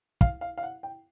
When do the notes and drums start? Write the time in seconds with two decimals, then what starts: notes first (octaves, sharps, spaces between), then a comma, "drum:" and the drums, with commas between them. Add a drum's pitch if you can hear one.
0.21 F5, drum: kick
0.41 F5
0.58 F5
0.63 F#5
0.83 G5